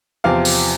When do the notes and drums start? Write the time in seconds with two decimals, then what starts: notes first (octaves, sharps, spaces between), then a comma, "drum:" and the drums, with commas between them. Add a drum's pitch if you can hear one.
0.24 E2 C3 F3 C4 F5
0.45 drum: open hi-hat